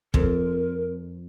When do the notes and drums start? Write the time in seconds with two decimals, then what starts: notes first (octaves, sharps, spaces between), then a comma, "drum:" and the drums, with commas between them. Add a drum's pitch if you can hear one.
0.14 F2 A#4, drum: kick